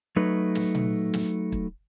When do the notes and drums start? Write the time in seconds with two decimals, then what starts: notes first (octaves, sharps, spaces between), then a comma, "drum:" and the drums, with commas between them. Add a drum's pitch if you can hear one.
0.16 F#3 A3 D#4 B4
0.55 drum: snare
0.75 drum: tom A#2
1.13 drum: snare
1.52 drum: kick